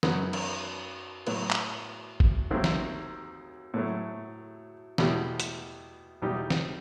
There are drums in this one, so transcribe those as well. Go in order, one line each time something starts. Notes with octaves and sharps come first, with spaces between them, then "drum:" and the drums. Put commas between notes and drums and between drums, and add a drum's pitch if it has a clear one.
F#2 F#3 B3 D#4, drum: snare
drum: cymbal
A2 F#3 B3, drum: cymbal
drum: clap
drum: kick G#1
D#2 D#3 F#3 A3 C4
drum: snare
A2 F#3 A3
E2 B2 A3 E4 G4, drum: snare
drum: hi-hat
E2 B2 G3 D#4 G4
drum: snare